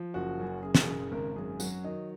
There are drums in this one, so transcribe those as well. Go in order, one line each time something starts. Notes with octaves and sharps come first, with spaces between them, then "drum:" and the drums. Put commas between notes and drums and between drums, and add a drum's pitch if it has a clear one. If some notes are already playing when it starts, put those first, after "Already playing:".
Already playing: F3
F#1 F#4
F#2
F#1 G#4
drum: snare
C#3
G#1 A#4
F#2 G#4
F#3 F#4, drum: tambourine
D#3 D#5